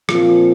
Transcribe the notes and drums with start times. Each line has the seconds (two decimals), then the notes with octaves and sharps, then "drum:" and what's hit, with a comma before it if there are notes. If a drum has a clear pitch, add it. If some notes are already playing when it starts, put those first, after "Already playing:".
0.09 A#2 F3 C4 F4, drum: rim click